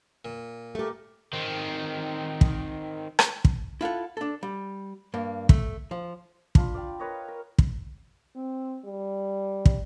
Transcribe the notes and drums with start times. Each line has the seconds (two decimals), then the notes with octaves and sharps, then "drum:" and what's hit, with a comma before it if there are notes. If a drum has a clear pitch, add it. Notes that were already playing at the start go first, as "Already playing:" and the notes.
0.25 A#2
0.75 A3 G4 A4 A#4
1.33 D#3 C4
2.41 drum: kick
3.19 drum: rim click
3.45 drum: kick
3.81 E4 F4 A4 F#5
4.17 D4 A4
4.43 G3
5.14 G2 A#3
5.49 A3, drum: kick
5.91 F3
6.55 D4 F4 B5, drum: kick
6.74 D5 F5 G5
7.00 A#4 B4 C#5 D#5
7.28 A#4
7.58 drum: kick
8.36 C4
8.85 G3
9.65 drum: kick